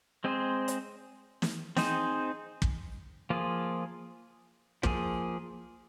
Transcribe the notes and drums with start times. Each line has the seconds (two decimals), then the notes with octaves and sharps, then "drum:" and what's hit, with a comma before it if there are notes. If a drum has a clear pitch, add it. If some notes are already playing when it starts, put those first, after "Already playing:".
0.24 G#3 C4 G#4 C5
0.68 drum: hi-hat
1.42 drum: snare
1.77 C4 D#4 G#4 C5, drum: snare
2.62 drum: kick
3.30 F3 A#3 F4 G#4
4.83 F3 A#3 G#4, drum: kick